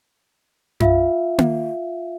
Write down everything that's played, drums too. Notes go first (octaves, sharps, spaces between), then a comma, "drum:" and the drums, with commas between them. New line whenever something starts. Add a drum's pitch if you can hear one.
F4 E5 F5, drum: tom F#2
drum: tom A#3